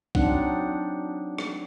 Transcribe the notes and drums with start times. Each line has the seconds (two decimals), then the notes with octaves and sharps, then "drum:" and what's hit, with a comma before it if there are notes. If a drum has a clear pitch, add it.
0.15 F#3 C4 D4 D#4 F#5, drum: kick
1.38 drum: rim click